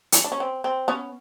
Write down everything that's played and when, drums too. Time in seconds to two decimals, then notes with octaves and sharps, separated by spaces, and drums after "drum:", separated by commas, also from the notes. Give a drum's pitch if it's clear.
0.12 drum: hi-hat
0.24 D4
0.32 C#4
0.40 C4
0.64 C4
0.88 B3 C#4